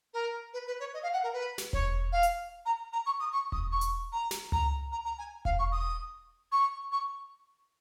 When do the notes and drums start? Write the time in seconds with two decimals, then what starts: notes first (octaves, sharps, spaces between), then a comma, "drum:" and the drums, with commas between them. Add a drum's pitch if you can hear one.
0.14 A#4
0.53 B4
0.67 B4
0.80 C#5
0.94 D#5
1.03 F5
1.13 F#5
1.23 A#4
1.33 B4
1.58 drum: snare
1.73 C#5, drum: kick E1
2.12 F5
2.23 drum: hi-hat
2.66 A#5
2.93 A#5
3.06 C#6
3.20 D#6
3.33 C#6
3.52 D#6, drum: kick E1
3.72 C#6
3.81 drum: hi-hat
4.12 A#5
4.31 drum: snare
4.52 A#5, drum: tom C#2
4.92 A#5
5.05 A#5
5.18 G#5
5.45 F5, drum: kick E1
5.59 C#6
5.72 D#6
6.52 C#6
6.92 C#6